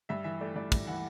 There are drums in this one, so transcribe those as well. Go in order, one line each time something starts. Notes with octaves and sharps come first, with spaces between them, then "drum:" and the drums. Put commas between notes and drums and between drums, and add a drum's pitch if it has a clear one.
G2 E5
E3 E5
A3 D5
G2 D5
G2, drum: kick, cymbal
E3 F#5